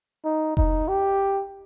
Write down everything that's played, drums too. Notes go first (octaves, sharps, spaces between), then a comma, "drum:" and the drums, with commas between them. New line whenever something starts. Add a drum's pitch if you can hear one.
D#4
D#4, drum: kick F1
G4